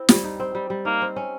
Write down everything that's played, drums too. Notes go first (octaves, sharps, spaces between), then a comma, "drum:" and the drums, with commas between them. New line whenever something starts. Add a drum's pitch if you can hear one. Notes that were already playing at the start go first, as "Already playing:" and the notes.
Already playing: C4 E4
G3, drum: snare
D#4
C4
G3
G3
A#3 D#4
C4
C#4